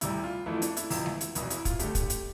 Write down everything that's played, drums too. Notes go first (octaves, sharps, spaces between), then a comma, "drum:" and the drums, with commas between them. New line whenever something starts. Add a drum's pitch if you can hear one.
D2 C3 G3 E4, drum: hi-hat
F4
F2 E3 A3 E4
D4, drum: hi-hat
E4, drum: hi-hat
G1 F2 C3 E4, drum: open hi-hat
drum: snare G#3
drum: hi-hat
F1 E2 B2 E4, drum: hi-hat
E4, drum: hi-hat
F4, drum: kick, hi-hat
D2 D3 A3 G4, drum: hi-hat
drum: kick, hi-hat
drum: hi-hat